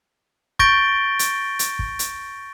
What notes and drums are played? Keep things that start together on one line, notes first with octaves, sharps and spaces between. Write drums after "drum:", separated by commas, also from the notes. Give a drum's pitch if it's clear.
C#6 G6 A6 A#6 D7 G7, drum: kick
drum: hi-hat
drum: hi-hat
drum: kick
drum: hi-hat